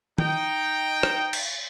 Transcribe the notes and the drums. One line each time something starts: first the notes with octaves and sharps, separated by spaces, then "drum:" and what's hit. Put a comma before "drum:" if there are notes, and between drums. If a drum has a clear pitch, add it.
D#4 G5, drum: tom
drum: rim click
drum: cymbal